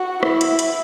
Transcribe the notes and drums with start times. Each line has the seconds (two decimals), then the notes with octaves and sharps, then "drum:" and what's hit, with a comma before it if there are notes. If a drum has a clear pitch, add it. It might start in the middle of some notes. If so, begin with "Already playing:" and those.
Already playing: F#4
0.23 E4, drum: rim click
0.41 drum: hi-hat
0.59 drum: hi-hat